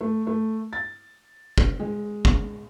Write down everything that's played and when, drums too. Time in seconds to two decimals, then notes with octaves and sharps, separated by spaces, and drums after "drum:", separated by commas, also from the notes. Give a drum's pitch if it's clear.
0.01 A3
0.27 A3
0.73 A6
1.58 drum: kick
1.80 G#3
2.25 drum: kick